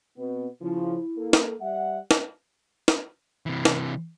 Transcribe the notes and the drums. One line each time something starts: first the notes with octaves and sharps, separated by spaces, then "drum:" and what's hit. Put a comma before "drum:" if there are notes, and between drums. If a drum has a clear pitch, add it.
B2 B3 C4
C#3 F3 E4
A#3 A4
drum: snare
G3 E5 F#5
drum: snare
drum: snare
C3 E3
drum: snare